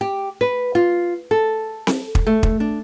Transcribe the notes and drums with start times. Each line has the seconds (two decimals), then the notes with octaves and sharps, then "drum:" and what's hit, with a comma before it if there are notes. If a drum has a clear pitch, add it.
0.01 G4
0.41 B4
0.75 F4
1.31 A4
1.87 drum: snare C4
2.15 drum: kick
2.27 A3
2.43 drum: kick
2.60 D4